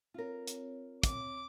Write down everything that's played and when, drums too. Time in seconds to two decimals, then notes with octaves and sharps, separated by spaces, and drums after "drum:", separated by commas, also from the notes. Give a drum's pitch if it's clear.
0.14 C4 F4 A#4 C#5
0.47 drum: hi-hat
1.03 D6, drum: kick, hi-hat